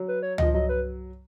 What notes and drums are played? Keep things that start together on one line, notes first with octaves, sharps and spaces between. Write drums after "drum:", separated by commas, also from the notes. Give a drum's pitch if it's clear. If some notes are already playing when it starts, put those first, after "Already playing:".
Already playing: F#3
B4
C#5
F3 D#5, drum: tom
F#3 D#5
B4